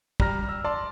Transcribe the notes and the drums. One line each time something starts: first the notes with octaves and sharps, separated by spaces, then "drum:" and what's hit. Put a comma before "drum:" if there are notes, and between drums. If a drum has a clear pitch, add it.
G3 A#5 F6 A#6, drum: kick
E6
D5 A5 C6